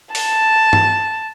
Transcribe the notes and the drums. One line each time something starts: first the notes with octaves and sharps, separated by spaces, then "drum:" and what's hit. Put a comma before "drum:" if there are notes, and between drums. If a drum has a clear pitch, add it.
A5, drum: open hi-hat
drum: tom G2